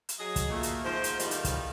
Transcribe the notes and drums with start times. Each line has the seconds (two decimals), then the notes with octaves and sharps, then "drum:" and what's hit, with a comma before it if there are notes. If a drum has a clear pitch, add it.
0.09 drum: hi-hat
0.19 F#3 G#4 D#5
0.36 drum: kick, hi-hat
0.49 A#2 A3 A#3
0.63 drum: hi-hat
0.84 G#2 F3 A#4 C5
1.04 drum: hi-hat
1.19 E2 G2 D#3 G3 A3 F4, drum: hi-hat
1.31 drum: hi-hat
1.44 drum: kick, hi-hat